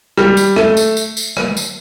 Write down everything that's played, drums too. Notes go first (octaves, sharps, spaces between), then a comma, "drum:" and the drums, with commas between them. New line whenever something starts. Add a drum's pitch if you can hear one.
G3, drum: rim click
drum: tambourine
A3, drum: rim click
drum: tambourine
drum: tambourine
drum: tambourine
drum: rim click
drum: tambourine